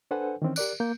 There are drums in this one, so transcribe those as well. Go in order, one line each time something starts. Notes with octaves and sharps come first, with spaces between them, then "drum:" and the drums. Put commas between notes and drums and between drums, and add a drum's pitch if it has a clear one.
D4 A4 B4 C5 F#5 G#5
D#3 E3 C4 C#4
G4 A#4 D5 F#6, drum: tambourine
A#3 G6